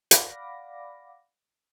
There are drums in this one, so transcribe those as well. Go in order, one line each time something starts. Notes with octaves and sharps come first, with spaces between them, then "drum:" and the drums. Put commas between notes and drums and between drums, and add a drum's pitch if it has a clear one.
D5 F5 F#5 B5 D6 A#6, drum: hi-hat